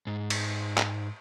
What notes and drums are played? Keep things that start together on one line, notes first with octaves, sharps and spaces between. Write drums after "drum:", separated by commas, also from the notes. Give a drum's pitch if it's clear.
G#2
drum: cymbal
drum: clap